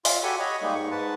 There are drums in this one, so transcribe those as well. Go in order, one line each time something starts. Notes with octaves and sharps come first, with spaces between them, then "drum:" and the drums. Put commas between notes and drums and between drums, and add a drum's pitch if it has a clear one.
F4 C6, drum: open hi-hat
F#4 G4 A4 G#5 B5 C#6
C#5 D#5 F#5 B5 C#6
G3 G#3 A#3 D#4
G#2 C#6
G#2 B4 A5